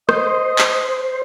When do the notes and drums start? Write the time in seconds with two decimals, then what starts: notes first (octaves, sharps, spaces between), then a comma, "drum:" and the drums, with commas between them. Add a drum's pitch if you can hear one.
0.09 C5 D#5, drum: rim click
0.58 drum: clap